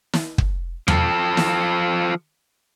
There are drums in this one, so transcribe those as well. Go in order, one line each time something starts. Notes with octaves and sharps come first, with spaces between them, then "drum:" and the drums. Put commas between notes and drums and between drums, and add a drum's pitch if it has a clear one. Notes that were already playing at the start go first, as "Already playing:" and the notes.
drum: snare
drum: kick
F3 A4, drum: tom E2
drum: snare